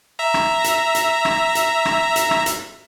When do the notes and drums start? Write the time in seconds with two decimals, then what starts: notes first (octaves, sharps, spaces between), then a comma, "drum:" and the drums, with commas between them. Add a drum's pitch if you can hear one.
0.19 E5 A#5
0.34 drum: rim click
0.64 drum: hi-hat
0.95 drum: hi-hat
1.25 drum: rim click
1.55 drum: hi-hat
1.85 drum: rim click
2.16 drum: hi-hat
2.31 drum: rim click
2.46 drum: hi-hat